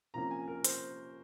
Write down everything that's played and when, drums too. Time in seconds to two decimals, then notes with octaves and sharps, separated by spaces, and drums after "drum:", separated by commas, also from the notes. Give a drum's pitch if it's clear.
0.14 C3 F3 A#3 C#4 A#5
0.31 G#5
0.48 A#4
0.64 C5, drum: hi-hat